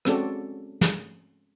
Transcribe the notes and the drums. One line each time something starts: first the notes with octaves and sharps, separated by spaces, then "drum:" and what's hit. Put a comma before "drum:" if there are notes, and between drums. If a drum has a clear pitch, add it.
G#3 C4 C#4 F#4 A4 D5, drum: rim click
drum: snare